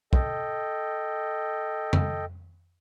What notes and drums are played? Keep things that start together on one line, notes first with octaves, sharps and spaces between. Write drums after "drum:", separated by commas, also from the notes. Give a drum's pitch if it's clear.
A4 D#5 G5, drum: kick
drum: tom F2